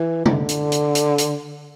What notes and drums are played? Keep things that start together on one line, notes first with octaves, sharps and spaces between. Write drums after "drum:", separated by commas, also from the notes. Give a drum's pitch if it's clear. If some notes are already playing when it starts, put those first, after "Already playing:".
Already playing: E3
D3, drum: tom
drum: hi-hat
drum: hi-hat
drum: hi-hat
drum: hi-hat